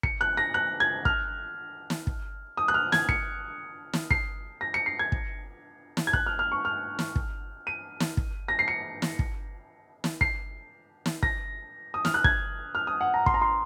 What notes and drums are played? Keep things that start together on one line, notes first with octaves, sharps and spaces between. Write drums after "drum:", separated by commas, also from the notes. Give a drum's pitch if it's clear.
C#7, drum: kick
F#6
A#6
F#6
G#6
F6, drum: kick
drum: snare
drum: kick
D#6
F#6
F6
G#6, drum: snare
C#7, drum: kick
drum: snare
C7, drum: kick
A#6
C#7
C7
G#6
drum: kick
drum: snare
G#6
F#6, drum: kick
F6
F6
C#6
F6
drum: snare
drum: kick
D#7
drum: snare
drum: kick
A#6
C7
C#7
drum: snare
drum: kick
drum: snare
C7, drum: kick
drum: snare
A#6, drum: kick
D#6
F6, drum: snare
F#6
G#6, drum: kick
F6
D#6
F#5
A#5
C6, drum: kick
A#5
C6